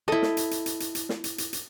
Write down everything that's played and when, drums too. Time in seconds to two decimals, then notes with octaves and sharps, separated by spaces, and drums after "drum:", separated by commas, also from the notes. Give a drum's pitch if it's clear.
0.08 E4 A4 D#5
0.22 drum: snare
0.37 drum: hi-hat
0.51 drum: hi-hat
0.66 drum: hi-hat
0.80 drum: hi-hat
0.95 drum: hi-hat
1.09 drum: snare
1.24 drum: hi-hat
1.38 drum: hi-hat
1.53 drum: hi-hat